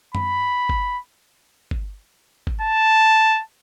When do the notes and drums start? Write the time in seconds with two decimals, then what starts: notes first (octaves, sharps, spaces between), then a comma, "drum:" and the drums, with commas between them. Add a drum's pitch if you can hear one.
0.15 B5, drum: tom F#2
0.69 drum: kick G1
1.71 drum: kick G1
2.47 drum: kick G1
2.61 A5